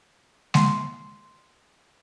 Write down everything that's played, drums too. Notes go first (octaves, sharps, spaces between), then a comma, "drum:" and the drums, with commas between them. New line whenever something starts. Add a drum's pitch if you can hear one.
C6, drum: snare G#3